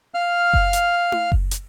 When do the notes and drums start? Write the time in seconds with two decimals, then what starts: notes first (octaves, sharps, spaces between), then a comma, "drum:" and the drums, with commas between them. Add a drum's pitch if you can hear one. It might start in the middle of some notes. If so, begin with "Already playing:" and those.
0.14 F5 F6
0.53 drum: kick F#1
0.73 drum: hi-hat
1.12 drum: tom E4
1.32 drum: kick F#1
1.51 drum: hi-hat